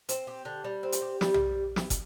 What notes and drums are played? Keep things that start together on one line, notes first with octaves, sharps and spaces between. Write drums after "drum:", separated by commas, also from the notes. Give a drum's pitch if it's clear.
C4, drum: hi-hat
G4
D3
G3
C4
drum: hi-hat
G4
G3, drum: snare
drum: tom B1
drum: snare
drum: kick, hi-hat